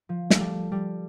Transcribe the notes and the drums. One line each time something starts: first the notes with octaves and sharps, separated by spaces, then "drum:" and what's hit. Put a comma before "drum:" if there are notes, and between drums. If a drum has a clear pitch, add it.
F3
A3, drum: snare
G3
G3